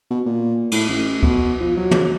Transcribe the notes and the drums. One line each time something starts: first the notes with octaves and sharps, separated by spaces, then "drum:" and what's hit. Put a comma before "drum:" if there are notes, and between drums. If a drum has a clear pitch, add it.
B2
A#2
A2, drum: cymbal
A1
B2, drum: kick D2
F3
F#3
drum: tom